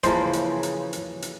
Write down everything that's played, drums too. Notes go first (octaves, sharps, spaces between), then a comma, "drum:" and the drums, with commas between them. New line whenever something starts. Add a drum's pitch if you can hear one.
C#3 E3 F3 A#3 C5, drum: hi-hat
drum: hi-hat
drum: hi-hat
drum: hi-hat
drum: hi-hat